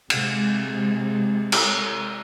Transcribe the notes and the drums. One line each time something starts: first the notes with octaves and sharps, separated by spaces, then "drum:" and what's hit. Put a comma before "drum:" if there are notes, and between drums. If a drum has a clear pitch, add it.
C3 G#3, drum: cymbal
drum: cymbal